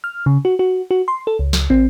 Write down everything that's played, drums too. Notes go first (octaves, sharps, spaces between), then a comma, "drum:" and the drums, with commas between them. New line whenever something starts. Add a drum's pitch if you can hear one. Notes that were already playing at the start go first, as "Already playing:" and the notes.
F6
C#3
F#4
F#4
F#4
C6
A4
C#2
drum: snare
C4, drum: kick